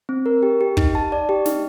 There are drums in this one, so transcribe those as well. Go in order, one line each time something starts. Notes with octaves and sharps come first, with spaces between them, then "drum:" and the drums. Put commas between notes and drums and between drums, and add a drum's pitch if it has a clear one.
C4
A#4
G4
G4
D#4, drum: kick
A5
D5
G4
D#4, drum: snare